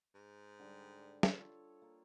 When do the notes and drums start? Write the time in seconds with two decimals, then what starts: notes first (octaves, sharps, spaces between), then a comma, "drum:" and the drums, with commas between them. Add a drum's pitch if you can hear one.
0.15 G#2
0.59 D3 G3
1.23 drum: snare
1.39 F4 A4 C#5
1.82 A#3